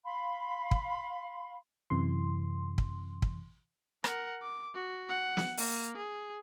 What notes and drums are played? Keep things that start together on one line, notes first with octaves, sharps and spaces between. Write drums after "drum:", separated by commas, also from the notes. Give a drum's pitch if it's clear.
F5 B5 C6
drum: kick
F#2 C3 E3 C6
drum: kick
drum: kick
A#4 F#5, drum: rim click
D6
F#4
F#5
drum: snare
A#3, drum: open hi-hat
G#4